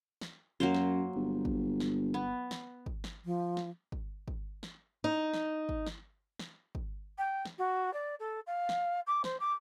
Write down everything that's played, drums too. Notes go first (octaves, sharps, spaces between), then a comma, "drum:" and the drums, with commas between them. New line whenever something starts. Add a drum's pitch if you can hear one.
drum: snare
F#2 F#3 A#3 C5
drum: snare
G1
drum: kick
drum: snare
B3
drum: snare
drum: kick
drum: snare
F3
drum: snare
drum: kick
drum: kick
drum: snare
D#4
drum: snare
drum: kick
drum: snare
drum: snare
drum: kick
G5
drum: snare
F#4
D5
A4
F5
drum: snare
D6
C5, drum: snare
D6